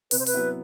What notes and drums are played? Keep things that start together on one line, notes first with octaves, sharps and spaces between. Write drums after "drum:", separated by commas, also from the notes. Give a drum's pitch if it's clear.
C3 B4, drum: open hi-hat
C5
B4, drum: open hi-hat
F#3 B3 E4